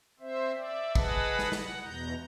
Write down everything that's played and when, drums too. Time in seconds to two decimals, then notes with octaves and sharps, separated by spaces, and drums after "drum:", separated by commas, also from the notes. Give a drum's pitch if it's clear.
0.20 C4 C5 E5
0.56 D5 E5
0.95 G#4 B4 D#5 F#5 A5 B5, drum: kick
1.39 drum: snare
1.52 F#5, drum: snare
1.84 E2 B2 A#5 G6